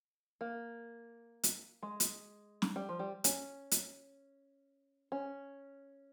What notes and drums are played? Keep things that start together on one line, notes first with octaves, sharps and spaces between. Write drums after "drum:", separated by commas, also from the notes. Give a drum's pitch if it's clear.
A#3
drum: hi-hat
G#3
drum: hi-hat
drum: snare
G3
F3
G3
C#4, drum: hi-hat
drum: hi-hat
C#4